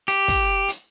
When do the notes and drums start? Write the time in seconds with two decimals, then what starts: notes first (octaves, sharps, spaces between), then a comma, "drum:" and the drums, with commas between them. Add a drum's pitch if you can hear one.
0.08 G4, drum: hi-hat
0.28 drum: kick, hi-hat
0.68 drum: hi-hat